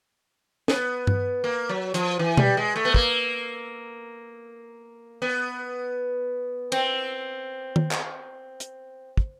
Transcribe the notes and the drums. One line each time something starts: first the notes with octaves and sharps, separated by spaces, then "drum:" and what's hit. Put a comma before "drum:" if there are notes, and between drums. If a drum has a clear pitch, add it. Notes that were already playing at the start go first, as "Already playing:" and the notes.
B3, drum: snare
drum: tom G2
A#3
F#3
F3, drum: hi-hat
E3
G3, drum: tom B2
G#3
A3
B3
A#3, drum: kick
B3
C4, drum: cymbal
drum: tom D#3
drum: clap
drum: hi-hat
drum: kick